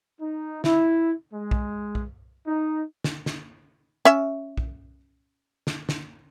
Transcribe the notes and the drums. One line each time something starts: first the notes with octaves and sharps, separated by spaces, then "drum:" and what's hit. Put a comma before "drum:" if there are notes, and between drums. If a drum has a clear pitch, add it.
D#4
E4, drum: snare
G#3
drum: kick
drum: kick
D#4
drum: snare
drum: snare
C#4 E5
drum: kick
drum: snare
drum: snare